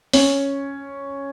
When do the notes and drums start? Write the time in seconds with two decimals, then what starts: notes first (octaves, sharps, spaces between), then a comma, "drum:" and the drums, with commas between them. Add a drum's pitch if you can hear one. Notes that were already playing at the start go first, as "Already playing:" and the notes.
0.13 C#4, drum: open hi-hat